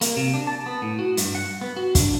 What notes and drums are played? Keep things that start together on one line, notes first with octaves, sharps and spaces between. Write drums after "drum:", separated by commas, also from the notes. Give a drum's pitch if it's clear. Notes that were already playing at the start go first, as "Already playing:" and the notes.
A#3, drum: hi-hat
C3
D4
A5
B3
A2
F#4
G2, drum: hi-hat
F#5
B3
F#4
D4, drum: kick, hi-hat